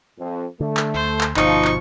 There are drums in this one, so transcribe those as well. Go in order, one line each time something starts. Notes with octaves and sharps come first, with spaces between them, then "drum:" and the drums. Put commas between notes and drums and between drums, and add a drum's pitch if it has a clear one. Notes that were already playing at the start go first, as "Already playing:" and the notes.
F2
D3 A3
drum: clap
D2 C5
drum: clap
G1 B2 F3 D#4 C#6, drum: clap
drum: clap